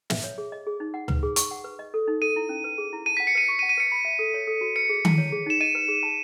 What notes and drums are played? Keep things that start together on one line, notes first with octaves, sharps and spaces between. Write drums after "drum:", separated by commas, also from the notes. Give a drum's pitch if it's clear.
E5, drum: snare
C#5
G#4
D#5
G#4
D#4
F#5
B4, drum: tom
G#4
C#6, drum: hi-hat
F#5
B4
D#5
A4
D#4
A4 D#7
E4
C#4
B4
G#4
E4
A5 D#7
F#5 B6
C#7
B4 D#7
C#6
D#7
F#5
D#7
B4 C#7
B5
E5
A4
C#5
A4
F#4
B4 C#7
G#4
E4, drum: tom D#3
C#5
G#4
D#4 E7
D#5 D#7
B4
G#4
A5